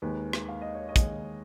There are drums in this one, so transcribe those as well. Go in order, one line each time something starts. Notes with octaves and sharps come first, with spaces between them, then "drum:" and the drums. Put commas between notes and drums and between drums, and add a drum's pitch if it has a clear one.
D#2 D#3 G#3 B4
drum: rim click
F5
D#5
C#5
D#5
D#2 D#3 G#3, drum: kick, hi-hat